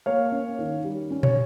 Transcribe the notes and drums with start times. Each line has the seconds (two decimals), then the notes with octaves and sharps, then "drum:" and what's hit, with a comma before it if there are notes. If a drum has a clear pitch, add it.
0.06 A#3 C#5 F5
0.32 C#4
0.59 D#3
0.84 G3
1.11 C#4
1.23 C#5, drum: tom